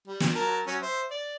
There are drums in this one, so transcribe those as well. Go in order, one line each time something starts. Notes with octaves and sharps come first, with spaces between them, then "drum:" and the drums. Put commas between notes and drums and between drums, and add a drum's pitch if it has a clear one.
G3
drum: snare
F#3 A#4 A5
F#3 C#4
C5 E5
D5